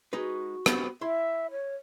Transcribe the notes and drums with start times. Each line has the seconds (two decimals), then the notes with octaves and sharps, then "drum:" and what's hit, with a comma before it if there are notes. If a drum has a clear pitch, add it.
0.13 G#3 D#4 F#4 B4
0.66 B3 C4 G4, drum: rim click
1.01 E4 E5 C6
1.51 C#5